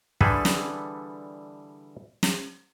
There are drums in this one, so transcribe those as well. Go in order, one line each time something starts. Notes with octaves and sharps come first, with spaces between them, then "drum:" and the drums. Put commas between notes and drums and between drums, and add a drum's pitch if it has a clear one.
D3 E3 G3 G#4 A4 B4, drum: kick
drum: snare
drum: snare